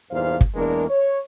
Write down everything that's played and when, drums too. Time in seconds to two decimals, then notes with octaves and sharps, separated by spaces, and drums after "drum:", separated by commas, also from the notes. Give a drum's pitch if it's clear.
0.11 E2 G2 A#2 D#4 C5 F5
0.41 drum: kick
0.55 E2 G#3 A#3 D4 A#4
0.89 C#5